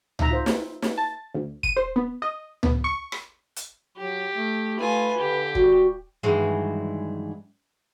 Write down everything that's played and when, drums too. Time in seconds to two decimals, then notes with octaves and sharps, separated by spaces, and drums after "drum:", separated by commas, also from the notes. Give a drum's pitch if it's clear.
0.19 D#4 E5 A#5, drum: tom C#2
0.31 F4 C5
0.46 drum: snare
0.82 drum: snare
0.98 A5
1.34 D2
1.63 D#7, drum: kick
1.77 C5
1.96 B3
2.22 D#5
2.63 B3, drum: tom C#2
2.84 C#6
3.12 drum: rim click
3.56 drum: hi-hat
3.98 F#3 G4
4.35 A3
4.80 A3 F4 B4 G#5
5.17 D3 G4
5.55 G3 F#4, drum: kick
6.23 G2 D#3 E3 F#3 G#3